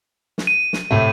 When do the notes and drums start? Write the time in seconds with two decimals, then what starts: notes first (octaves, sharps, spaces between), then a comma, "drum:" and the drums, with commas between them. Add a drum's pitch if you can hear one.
0.38 drum: snare
0.47 D#7
0.73 drum: snare
0.91 A2 C3 A3